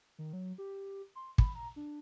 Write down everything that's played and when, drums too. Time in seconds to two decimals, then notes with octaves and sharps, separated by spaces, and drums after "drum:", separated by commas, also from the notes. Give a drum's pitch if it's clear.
0.19 D#3
0.33 F#3
0.58 G4
1.15 C6
1.38 B5, drum: kick
1.55 A#5
1.76 D4